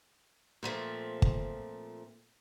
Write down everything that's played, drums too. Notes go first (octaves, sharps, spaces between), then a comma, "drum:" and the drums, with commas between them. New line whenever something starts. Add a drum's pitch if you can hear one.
A#2 F3 A3 C4
drum: kick